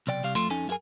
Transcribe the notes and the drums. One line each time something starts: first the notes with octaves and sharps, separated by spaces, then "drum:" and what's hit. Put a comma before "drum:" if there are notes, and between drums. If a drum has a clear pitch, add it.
B1 C3 D5 G5
C2 C3 G3 F5
F2 A3 F4 C6, drum: tambourine
F2 C#4 D#4 A4 G#5
F#2 E4 G#4 A#4 G#5